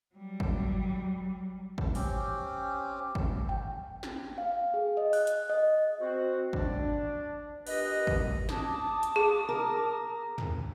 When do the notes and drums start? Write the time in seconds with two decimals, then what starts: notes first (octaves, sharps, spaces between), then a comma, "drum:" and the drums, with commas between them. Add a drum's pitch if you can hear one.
0.15 F#3 G3
0.40 drum: kick
1.78 drum: kick
1.95 C4 C#4 G4, drum: open hi-hat
3.15 drum: kick
3.49 G5
4.03 drum: snare
4.38 F5
4.74 G#4
4.97 D#5
5.13 F#6, drum: open hi-hat
5.27 drum: hi-hat
5.49 D#5
6.00 C4 F#4
6.53 D4, drum: kick
7.67 A#2 B3 G4 B4 D#5, drum: cymbal
8.07 drum: kick
8.49 A5 D6 D#6, drum: snare
9.03 drum: hi-hat
9.16 G#4
9.49 A#4
10.38 drum: tom